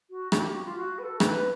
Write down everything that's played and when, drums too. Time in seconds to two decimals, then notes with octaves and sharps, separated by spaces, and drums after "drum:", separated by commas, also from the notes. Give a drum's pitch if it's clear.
0.10 F#4
0.32 F#4, drum: rim click
0.42 G4
0.54 F#4
0.65 F4
0.76 F#4
0.98 B4
1.03 A4
1.20 B4, drum: rim click